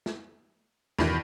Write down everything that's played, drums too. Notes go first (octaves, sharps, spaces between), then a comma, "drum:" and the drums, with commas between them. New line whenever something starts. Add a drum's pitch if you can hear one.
drum: snare
E2 G2 B2 D#3 E3, drum: snare